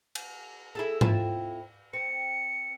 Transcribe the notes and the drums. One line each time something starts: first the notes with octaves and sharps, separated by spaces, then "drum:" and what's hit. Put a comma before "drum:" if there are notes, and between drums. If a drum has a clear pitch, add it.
drum: cymbal
E4 G#4 A4
C4 E4 F4, drum: tom G#2
C4 C#7